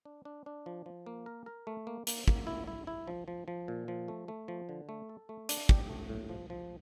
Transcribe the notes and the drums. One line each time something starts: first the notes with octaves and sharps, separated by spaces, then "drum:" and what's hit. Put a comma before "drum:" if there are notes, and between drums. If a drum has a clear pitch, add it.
D4
D4
D4
F3
F3
A#3
A#4
A#4
A3
A#3
A#3, drum: hi-hat
A#3, drum: kick
E4
E4
E4
F3
F3
F3
A#2
F3
A3
A3
F3
D3
A3
A4
A3
D4, drum: hi-hat
G4, drum: kick
A3
A2
F3
F3